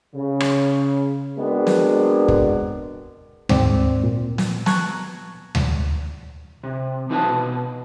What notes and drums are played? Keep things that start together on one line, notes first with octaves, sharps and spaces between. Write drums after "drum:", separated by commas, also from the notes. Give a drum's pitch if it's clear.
C#3
drum: rim click
G#3 B3 C4 D4 F#4 A#4
drum: snare
drum: kick
G#2 C4 D5, drum: tom D2
A#2
drum: snare
A5 A#5 C#6 F#6 G#6, drum: snare
drum: tom D2
C3
E3 D#4 F#4 B4 A5
B2